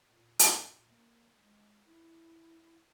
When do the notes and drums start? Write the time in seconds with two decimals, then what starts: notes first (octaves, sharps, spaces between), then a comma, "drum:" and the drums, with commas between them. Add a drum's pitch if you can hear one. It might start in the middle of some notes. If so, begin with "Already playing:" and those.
0.10 A#2
0.39 G2, drum: hi-hat
0.67 A#2
0.89 A#3
1.36 G#3
1.84 E4